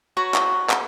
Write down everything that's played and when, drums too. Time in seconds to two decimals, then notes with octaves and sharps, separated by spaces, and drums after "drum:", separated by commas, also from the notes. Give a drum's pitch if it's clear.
0.17 F#4 B4 C#5 A#5
0.34 drum: clap
0.69 drum: clap